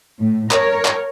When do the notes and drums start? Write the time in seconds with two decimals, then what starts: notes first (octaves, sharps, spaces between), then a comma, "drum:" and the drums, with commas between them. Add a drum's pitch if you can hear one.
0.19 A2
0.51 A#4 C#5, drum: clap
0.85 drum: clap